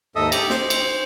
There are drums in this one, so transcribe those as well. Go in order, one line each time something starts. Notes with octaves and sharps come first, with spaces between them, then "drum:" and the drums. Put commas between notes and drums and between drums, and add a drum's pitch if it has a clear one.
D#2 G#2 A4 D#5 E5 D#6
G4, drum: cymbal
C5, drum: snare
drum: cymbal